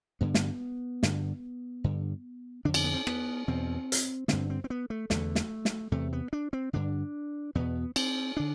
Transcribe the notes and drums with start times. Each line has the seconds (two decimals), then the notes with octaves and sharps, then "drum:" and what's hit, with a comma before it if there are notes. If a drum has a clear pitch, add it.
0.21 G2 D3 B3
0.34 drum: snare
1.03 G2 D3, drum: snare
1.84 G2 D3
2.65 F2 D3 D4
2.74 C4, drum: cymbal
2.84 B3
2.94 C4
3.07 B3, drum: rim click
3.48 E2 B2 C4
3.92 drum: hi-hat
4.28 G2 D3 C4, drum: snare
4.50 C4
4.64 C4
4.70 B3
4.90 A3
5.10 E2 D3 A3, drum: snare
5.35 drum: snare
5.65 drum: snare
5.92 E2 C3 A3
6.13 B3
6.33 D4
6.53 C4
6.73 G2 D3 D4
7.55 E2 B2 B3
7.96 C4, drum: cymbal
8.37 D3 D4